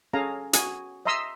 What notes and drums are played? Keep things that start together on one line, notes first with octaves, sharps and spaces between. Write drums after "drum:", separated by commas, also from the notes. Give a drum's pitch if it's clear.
C#4 G#4 A4 F5 G#5 A#5
F#4 G#5 D#6, drum: hi-hat
D#5 E5 A#5 C6 D#6 E6